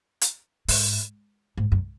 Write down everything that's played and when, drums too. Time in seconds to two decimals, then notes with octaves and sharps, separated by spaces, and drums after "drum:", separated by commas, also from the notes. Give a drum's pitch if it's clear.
0.21 drum: hi-hat
0.68 G#2, drum: open hi-hat
1.58 G#2
1.72 F#2